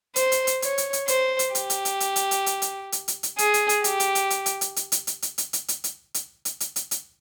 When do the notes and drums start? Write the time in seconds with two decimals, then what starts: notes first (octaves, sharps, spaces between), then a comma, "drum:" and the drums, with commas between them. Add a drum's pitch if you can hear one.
0.16 C5, drum: hi-hat
0.32 drum: hi-hat
0.47 drum: hi-hat
0.62 C#5, drum: hi-hat
0.78 drum: hi-hat
0.93 drum: hi-hat
1.08 C5, drum: hi-hat
1.39 drum: hi-hat
1.55 G4, drum: hi-hat
1.70 drum: hi-hat
1.85 drum: hi-hat
2.00 drum: hi-hat
2.16 drum: hi-hat
2.31 drum: hi-hat
2.46 drum: hi-hat
2.62 drum: hi-hat
2.92 drum: hi-hat
3.08 drum: hi-hat
3.23 drum: hi-hat
3.38 G#4, drum: hi-hat
3.54 drum: hi-hat
3.69 drum: hi-hat
3.84 G4, drum: hi-hat
4.00 drum: hi-hat
4.15 drum: hi-hat
4.30 drum: hi-hat
4.46 drum: hi-hat
4.61 drum: hi-hat
4.76 drum: hi-hat
4.92 drum: hi-hat
5.07 drum: hi-hat
5.22 drum: hi-hat
5.38 drum: hi-hat
5.53 drum: hi-hat
5.68 drum: hi-hat
5.84 drum: hi-hat
6.14 drum: hi-hat
6.45 drum: hi-hat
6.60 drum: hi-hat
6.76 drum: hi-hat
6.91 drum: hi-hat